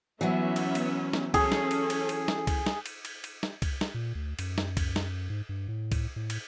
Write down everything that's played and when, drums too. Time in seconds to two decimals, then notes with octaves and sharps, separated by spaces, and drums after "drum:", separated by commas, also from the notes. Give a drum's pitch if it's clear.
0.21 E3 F#3 B3 C#4 E5
0.56 drum: cymbal
0.75 drum: cymbal
1.13 drum: snare
1.34 C#4 G#4 A4, drum: kick C2, cymbal
1.52 drum: snare
1.71 drum: cymbal
1.90 drum: cymbal
2.09 drum: cymbal
2.28 drum: snare
2.47 drum: kick C2, cymbal
2.66 drum: snare
2.86 drum: cymbal
3.05 drum: cymbal
3.24 drum: cymbal
3.43 drum: snare
3.62 drum: kick C2, cymbal
3.81 drum: snare
3.94 A#2
4.15 D2
4.39 F#2, drum: cymbal
4.58 drum: snare
4.77 drum: kick C2, cymbal
4.96 drum: snare
5.30 G#2
5.49 G2
5.68 A2
5.92 drum: kick C2, cymbal
6.16 A2
6.30 drum: cymbal